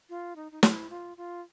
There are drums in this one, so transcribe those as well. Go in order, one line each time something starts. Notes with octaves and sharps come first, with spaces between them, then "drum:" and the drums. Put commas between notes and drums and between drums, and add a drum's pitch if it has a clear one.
F4
D#4
D#4
E4, drum: snare
F4
F4